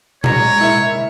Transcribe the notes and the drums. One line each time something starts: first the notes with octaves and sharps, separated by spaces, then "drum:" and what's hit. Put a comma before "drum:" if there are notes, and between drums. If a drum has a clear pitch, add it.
F#3 G#3 C#5 A#5, drum: tom A#2
E4 A#4 E5